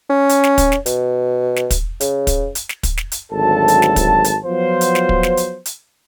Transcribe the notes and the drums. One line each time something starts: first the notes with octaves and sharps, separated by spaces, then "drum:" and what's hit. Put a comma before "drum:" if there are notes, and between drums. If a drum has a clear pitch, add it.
C#4
drum: hi-hat
drum: snare
drum: kick, hi-hat
drum: snare
B2, drum: hi-hat
drum: snare
drum: kick, hi-hat
C#3, drum: hi-hat
drum: kick, hi-hat
drum: hi-hat
drum: snare
drum: kick, hi-hat
drum: snare
drum: hi-hat
G#1 D2 F#3 A4 A5
drum: hi-hat
drum: snare
drum: kick, hi-hat
drum: hi-hat
F3 F#3 B3 F4 C5
drum: hi-hat
drum: snare
drum: kick
drum: snare
drum: hi-hat
drum: hi-hat